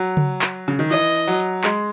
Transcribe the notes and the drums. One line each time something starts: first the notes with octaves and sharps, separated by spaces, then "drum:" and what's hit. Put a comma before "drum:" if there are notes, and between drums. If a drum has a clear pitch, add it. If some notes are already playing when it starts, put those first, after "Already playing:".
Already playing: F#3
drum: tom C#3
drum: clap
C#3, drum: hi-hat
D#3
E3 D#5, drum: hi-hat
drum: hi-hat
F#3
drum: hi-hat
G#3, drum: clap